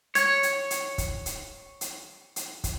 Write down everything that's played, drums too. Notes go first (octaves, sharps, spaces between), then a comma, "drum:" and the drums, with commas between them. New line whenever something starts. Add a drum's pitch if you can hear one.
C#5 G#6, drum: hi-hat
drum: hi-hat
drum: hi-hat
drum: kick, hi-hat
drum: hi-hat
drum: hi-hat
drum: hi-hat
drum: kick, hi-hat